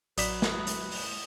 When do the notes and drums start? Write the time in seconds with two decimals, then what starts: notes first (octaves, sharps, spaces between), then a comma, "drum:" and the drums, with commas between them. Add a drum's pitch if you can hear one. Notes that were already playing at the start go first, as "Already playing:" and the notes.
0.18 A1 F#3 B4 D5 D#6 B6 E7, drum: hi-hat
0.42 drum: snare
0.67 drum: hi-hat
0.91 drum: open hi-hat